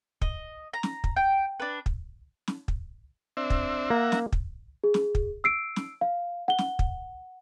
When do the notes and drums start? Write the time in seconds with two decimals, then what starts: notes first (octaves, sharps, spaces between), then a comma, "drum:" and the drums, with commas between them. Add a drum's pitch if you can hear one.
0.22 D#5, drum: kick
0.73 A#5
0.83 drum: snare
1.04 drum: kick
1.16 G5
1.60 D4 B4
1.86 drum: kick
2.48 drum: snare
2.68 drum: kick
3.37 C4 D4 E5
3.50 drum: kick
3.90 A#3 E5 F#5 A#5
4.12 drum: snare
4.32 drum: kick
4.84 G#4
4.94 drum: snare
5.15 drum: kick
5.44 E6 C7 D7
5.76 drum: snare
6.01 F5
6.48 F#5 G7
6.58 drum: snare
6.79 drum: kick